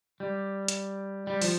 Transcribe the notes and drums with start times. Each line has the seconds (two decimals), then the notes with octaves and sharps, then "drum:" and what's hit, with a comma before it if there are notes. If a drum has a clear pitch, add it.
0.20 G3
0.68 drum: hi-hat
1.27 G3
1.41 F3, drum: open hi-hat